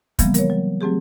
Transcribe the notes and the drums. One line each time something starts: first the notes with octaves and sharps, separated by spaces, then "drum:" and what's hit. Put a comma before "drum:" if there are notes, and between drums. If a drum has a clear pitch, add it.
C#3 E3 F3 G3 A#3 B3, drum: kick, hi-hat
A#4 C#5, drum: hi-hat
F#3
F#3 A3 C4 G4 G#4